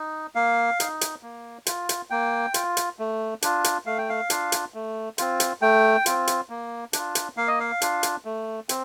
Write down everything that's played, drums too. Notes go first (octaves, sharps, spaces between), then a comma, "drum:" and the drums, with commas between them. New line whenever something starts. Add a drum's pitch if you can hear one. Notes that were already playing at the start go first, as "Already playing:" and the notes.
Already playing: D#4
A#3 F5
D#4, drum: hi-hat
drum: hi-hat
A#3
F4, drum: hi-hat
drum: hi-hat
A#3 G5
F4, drum: hi-hat
drum: hi-hat
A3
D4 F4, drum: hi-hat
drum: hi-hat
A3 F5
G5
F5
D4 F4, drum: hi-hat
drum: hi-hat
A3
C4 F4, drum: hi-hat
drum: hi-hat
A3 G5
C4 F4, drum: hi-hat
drum: hi-hat
A#3
D4 F4, drum: hi-hat
drum: hi-hat
A#3 F5
D#5
F5
D4 F4, drum: hi-hat
drum: hi-hat
A3
C4, drum: hi-hat